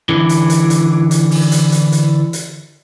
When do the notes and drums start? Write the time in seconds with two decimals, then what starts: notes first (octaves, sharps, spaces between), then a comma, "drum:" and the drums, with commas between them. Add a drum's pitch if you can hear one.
0.09 D3 E3
0.29 drum: hi-hat
0.50 drum: hi-hat
0.70 drum: hi-hat
1.11 drum: hi-hat
1.31 drum: open hi-hat
1.52 drum: hi-hat
1.72 drum: hi-hat
1.92 drum: hi-hat
2.33 drum: hi-hat